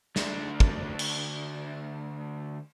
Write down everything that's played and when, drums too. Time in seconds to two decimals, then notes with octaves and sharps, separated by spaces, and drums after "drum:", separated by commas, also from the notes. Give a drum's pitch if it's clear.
0.16 D2 D4, drum: snare
0.60 drum: kick
0.99 drum: cymbal